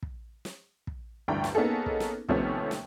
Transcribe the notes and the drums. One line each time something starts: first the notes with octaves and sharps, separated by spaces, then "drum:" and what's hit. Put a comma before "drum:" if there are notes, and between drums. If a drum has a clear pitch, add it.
drum: kick
drum: snare
drum: kick
A1 D2 G2 D4 G5 A#5
drum: snare
A#3 B3 C#4 D#4 G#4 A4
drum: kick
drum: snare
D#2 C3 F3 A3 B3 C#4, drum: kick
drum: snare